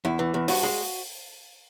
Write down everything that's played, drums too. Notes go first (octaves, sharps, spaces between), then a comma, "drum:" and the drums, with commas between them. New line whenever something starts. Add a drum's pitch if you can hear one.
E2 E4
E3
E2
G2 F#4, drum: open hi-hat
G#3